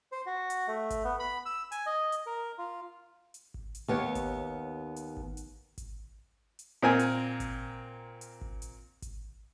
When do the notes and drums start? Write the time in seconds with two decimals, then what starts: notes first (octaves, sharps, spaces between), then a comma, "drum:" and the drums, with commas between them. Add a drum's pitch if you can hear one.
0.12 C5
0.26 F#4
0.50 drum: hi-hat
0.68 A3
0.90 drum: kick G#1, hi-hat
1.04 B3
1.20 B5
1.46 E6
1.72 G#5, drum: hi-hat
1.86 D#5
2.12 drum: hi-hat
2.26 A#4
2.58 F4
3.34 drum: hi-hat
3.54 drum: kick G#1
3.75 drum: hi-hat
3.88 D#2 B3 G4 C#5
4.15 drum: kick G#1, hi-hat
4.96 drum: hi-hat
5.17 drum: kick G#1
5.37 drum: hi-hat
5.78 drum: kick G#1, hi-hat
6.59 drum: hi-hat
6.82 A#2 C4 A#4 G#5
6.99 drum: hi-hat
7.40 drum: kick G#1, hi-hat
8.21 drum: hi-hat
8.41 drum: kick G#1
8.62 drum: hi-hat
9.02 drum: kick G#1, hi-hat